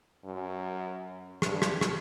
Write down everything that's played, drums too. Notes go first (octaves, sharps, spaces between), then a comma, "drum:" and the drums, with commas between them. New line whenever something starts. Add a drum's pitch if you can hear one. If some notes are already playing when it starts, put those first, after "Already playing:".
F#2
G2, drum: rim click
drum: rim click
drum: rim click